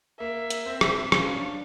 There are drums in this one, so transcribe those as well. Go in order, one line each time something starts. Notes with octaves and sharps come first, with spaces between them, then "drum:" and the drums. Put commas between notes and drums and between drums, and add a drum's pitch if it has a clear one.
A#3 E5
drum: hi-hat
C4
drum: rim click
C#4 F5, drum: rim click
D4